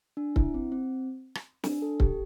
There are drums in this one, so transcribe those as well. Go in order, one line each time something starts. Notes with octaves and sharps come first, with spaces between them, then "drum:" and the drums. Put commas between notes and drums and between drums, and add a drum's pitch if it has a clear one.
D4
E4, drum: kick C#1
C4
C4
drum: rim click
D4, drum: snare
A4
G4, drum: kick C#1